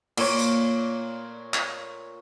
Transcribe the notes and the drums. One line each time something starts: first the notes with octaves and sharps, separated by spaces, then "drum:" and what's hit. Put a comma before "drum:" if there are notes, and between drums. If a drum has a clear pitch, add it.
A#2 C#5, drum: cymbal
drum: tambourine
drum: clap